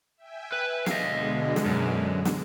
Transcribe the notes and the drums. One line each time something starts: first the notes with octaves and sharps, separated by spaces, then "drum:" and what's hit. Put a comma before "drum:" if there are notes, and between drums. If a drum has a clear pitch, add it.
E5 G5 G#5
B4
B2 D3 G#3 D#5 F5, drum: snare
drum: snare
F#2
drum: snare